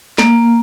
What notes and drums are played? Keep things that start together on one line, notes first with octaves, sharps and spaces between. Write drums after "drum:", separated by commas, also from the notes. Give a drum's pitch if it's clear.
A#3, drum: snare